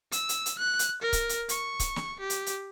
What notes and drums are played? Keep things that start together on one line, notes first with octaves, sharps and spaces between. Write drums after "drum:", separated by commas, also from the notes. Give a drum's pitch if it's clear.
E6, drum: hi-hat
drum: hi-hat
drum: hi-hat
F#6
drum: hi-hat
A#4
drum: kick C#1, hi-hat
drum: hi-hat
C#6, drum: hi-hat
drum: kick C#1, hi-hat
drum: snare
G4
drum: hi-hat
drum: hi-hat